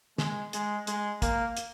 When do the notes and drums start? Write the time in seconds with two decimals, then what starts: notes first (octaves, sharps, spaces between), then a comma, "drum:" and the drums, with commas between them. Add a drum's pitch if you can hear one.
0.18 G#3, drum: snare
0.53 G#3, drum: hi-hat
0.87 G#3, drum: hi-hat
1.22 A#3, drum: kick, hi-hat
1.57 drum: hi-hat